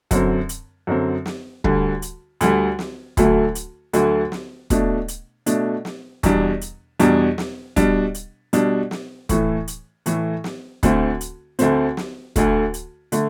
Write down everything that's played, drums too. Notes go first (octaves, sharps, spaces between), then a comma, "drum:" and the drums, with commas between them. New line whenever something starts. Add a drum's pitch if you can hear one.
F#2 D3 F#3 C4, drum: kick, hi-hat
drum: hi-hat
F#2 D3 F#3 C4
drum: snare
D2 D3 G3, drum: kick
drum: hi-hat
D2 D3 G3, drum: hi-hat
drum: snare
D2 D3 F#3 A3, drum: kick, hi-hat
drum: hi-hat
D2 D3 F#3 A3, drum: hi-hat
drum: snare
B2 A3 D4, drum: kick, hi-hat
drum: hi-hat
B2 A3 D4, drum: hi-hat
drum: snare
E2 B2 G3 D4, drum: kick, hi-hat
drum: hi-hat
E2 B2 G3 D4, drum: hi-hat
drum: snare
B2 G3 D4, drum: kick, hi-hat
drum: hi-hat
B2 G3 D4, drum: hi-hat
drum: snare
A2 E3 A3, drum: kick, hi-hat
drum: hi-hat
A2 E3 A3, drum: hi-hat
drum: snare
D2 D3 A3 C4, drum: kick, hi-hat
drum: hi-hat
D2 D3 A3 C4, drum: hi-hat
drum: snare
D2 D3 A3, drum: kick, hi-hat
drum: hi-hat
D3 A3, drum: hi-hat